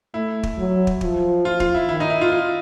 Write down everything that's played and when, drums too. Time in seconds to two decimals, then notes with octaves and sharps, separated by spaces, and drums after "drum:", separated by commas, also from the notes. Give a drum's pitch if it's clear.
0.14 A3 E4
0.43 drum: kick
0.58 F#3
0.87 drum: kick
1.01 F3, drum: kick
1.45 F4
1.60 F4, drum: kick
1.74 E4
1.89 D#3 E4
2.00 D#4
2.10 E4
2.21 F4
2.32 F4